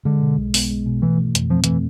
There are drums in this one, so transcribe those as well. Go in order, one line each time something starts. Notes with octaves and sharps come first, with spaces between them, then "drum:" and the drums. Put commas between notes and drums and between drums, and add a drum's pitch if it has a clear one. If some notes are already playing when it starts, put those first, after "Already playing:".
D3 G#3
B2
B1
B3, drum: open hi-hat
G#3
B2
E3 A3
E3
F2, drum: hi-hat
F3 C4
E3 A3, drum: hi-hat